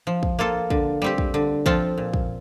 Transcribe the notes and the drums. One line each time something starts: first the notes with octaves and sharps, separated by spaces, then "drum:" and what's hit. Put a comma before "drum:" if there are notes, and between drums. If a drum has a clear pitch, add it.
F3
drum: kick
A#3 F4 A4
D3, drum: kick
G3 C4 G4
drum: kick
D3
F3 C4 F4 A4, drum: kick
A#2
drum: kick